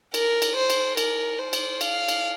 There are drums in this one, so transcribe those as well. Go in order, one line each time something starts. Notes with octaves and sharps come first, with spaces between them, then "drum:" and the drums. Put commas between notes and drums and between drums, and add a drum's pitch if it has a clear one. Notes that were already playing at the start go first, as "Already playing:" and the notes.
A#4, drum: cymbal
drum: cymbal
C5
drum: cymbal
A#4, drum: cymbal
C5
drum: cymbal
F5, drum: cymbal
drum: cymbal